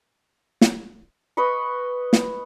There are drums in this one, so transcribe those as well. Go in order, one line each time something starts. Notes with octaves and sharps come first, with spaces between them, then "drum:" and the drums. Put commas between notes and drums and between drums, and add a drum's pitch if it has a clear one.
drum: snare
B4 D#5 B5 C#6
drum: snare